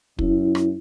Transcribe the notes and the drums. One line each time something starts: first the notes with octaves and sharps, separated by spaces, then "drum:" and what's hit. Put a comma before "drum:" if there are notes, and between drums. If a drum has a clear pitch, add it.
F#2 E4, drum: kick
drum: rim click